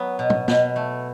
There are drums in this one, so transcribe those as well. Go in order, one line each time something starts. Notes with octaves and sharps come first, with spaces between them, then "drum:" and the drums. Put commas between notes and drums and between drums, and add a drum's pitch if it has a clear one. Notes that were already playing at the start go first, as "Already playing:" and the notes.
Already playing: F#3 B3
B2
drum: tom
B2, drum: snare
A3